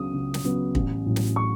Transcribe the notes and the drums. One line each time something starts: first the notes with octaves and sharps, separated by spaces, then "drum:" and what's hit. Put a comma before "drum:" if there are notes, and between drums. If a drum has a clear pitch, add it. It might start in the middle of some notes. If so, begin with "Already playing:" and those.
Already playing: C#2 C#3 F#3 B3 D#6
C#2
drum: snare
C#3 F#3 B3
A1, drum: kick
A2 F#3
drum: snare
C#6